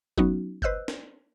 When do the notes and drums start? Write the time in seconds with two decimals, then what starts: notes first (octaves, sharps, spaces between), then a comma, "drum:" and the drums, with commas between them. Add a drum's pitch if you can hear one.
0.18 F#3 B3 C#4 D#4 F#4, drum: kick F#1
0.62 B4 C5 D#5 E6 F#6 G6, drum: kick F#1
0.88 drum: snare